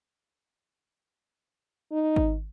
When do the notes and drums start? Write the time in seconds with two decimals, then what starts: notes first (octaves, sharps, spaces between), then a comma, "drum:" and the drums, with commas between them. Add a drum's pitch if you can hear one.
1.92 D#4
2.16 drum: kick G#1